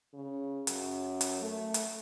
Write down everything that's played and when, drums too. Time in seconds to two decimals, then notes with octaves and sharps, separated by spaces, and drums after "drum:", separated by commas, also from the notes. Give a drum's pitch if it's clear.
0.14 C#3
0.67 F#2, drum: hi-hat
1.21 drum: hi-hat
1.42 A3
1.74 drum: hi-hat